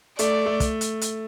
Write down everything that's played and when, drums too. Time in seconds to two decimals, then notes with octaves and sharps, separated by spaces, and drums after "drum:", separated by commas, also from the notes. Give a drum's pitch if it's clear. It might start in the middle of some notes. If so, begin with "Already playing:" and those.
0.19 A3 D5, drum: hi-hat
0.46 A3
0.60 drum: kick, hi-hat
0.81 drum: hi-hat
1.01 drum: hi-hat